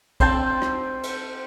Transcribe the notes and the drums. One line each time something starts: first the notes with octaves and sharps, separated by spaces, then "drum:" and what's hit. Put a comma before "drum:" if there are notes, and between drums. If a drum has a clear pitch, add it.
C4 C5 G5 A5, drum: kick, cymbal
drum: rim click
drum: cymbal